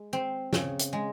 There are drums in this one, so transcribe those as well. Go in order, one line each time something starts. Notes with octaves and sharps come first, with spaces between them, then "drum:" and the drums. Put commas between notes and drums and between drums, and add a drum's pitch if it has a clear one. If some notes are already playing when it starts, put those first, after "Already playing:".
Already playing: G#3
C4
C#3, drum: snare
drum: hi-hat
G#3